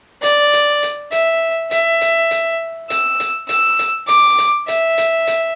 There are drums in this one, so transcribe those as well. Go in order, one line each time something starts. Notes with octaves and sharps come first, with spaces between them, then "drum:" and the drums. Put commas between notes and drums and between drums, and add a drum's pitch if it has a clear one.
D5, drum: hi-hat
drum: hi-hat
drum: hi-hat
E5, drum: hi-hat
E5, drum: hi-hat
drum: hi-hat
drum: hi-hat
E6, drum: hi-hat
drum: hi-hat
E6, drum: hi-hat
drum: hi-hat
D6, drum: hi-hat
drum: hi-hat
E5, drum: hi-hat
drum: hi-hat
drum: hi-hat